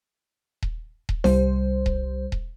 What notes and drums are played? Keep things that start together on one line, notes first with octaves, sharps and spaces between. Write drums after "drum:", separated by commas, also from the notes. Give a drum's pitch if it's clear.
drum: kick D#1
drum: kick D#1
C2 G3 C5, drum: snare E4
drum: kick D#1
drum: kick D#1